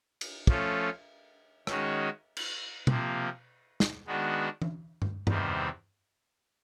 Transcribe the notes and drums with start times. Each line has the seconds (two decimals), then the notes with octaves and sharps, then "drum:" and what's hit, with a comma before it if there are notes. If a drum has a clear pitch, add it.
0.21 drum: cymbal
0.47 F3 A3 C#4 F4 A4, drum: kick
1.67 D#3 G#3 C#4 F#4, drum: rim click
2.37 drum: cymbal
2.87 C3 F3 A#3, drum: tom B2
3.80 drum: snare
4.06 D#3 G#3 B3 D4 F#4
4.62 drum: tom E3
5.02 drum: tom G2
5.27 E2 C3 D#3 G3 C4, drum: tom G2